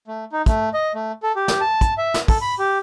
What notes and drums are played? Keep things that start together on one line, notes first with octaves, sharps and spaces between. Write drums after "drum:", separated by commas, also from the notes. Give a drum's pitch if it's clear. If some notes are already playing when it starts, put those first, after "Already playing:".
A3
D#4
A3, drum: kick, hi-hat
D#5
A3
A4
G4
drum: snare
A5
drum: kick, hi-hat
E5
drum: snare
A4, drum: kick, open hi-hat
B5
G4